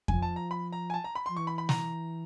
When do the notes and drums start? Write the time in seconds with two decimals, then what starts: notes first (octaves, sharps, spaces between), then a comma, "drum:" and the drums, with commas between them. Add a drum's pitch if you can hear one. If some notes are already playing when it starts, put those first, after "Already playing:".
0.08 F3 G#5, drum: kick F2
0.22 A5
0.36 A#5
0.51 B5
0.73 A#5
0.90 G#5
0.94 A5
1.04 A#5
1.15 B5
1.26 C6
1.29 F3
1.36 E3 C#6
1.47 B5
1.58 B5
1.69 A#5, drum: snare